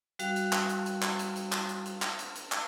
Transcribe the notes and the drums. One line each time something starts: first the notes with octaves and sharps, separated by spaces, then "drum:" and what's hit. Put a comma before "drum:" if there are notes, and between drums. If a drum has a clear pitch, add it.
G3 F#4 F5, drum: hi-hat
drum: hi-hat
drum: clap
drum: hi-hat
drum: hi-hat
drum: clap
drum: hi-hat
drum: hi-hat
drum: clap
drum: hi-hat
drum: hi-hat
drum: clap
drum: hi-hat
drum: hi-hat
drum: clap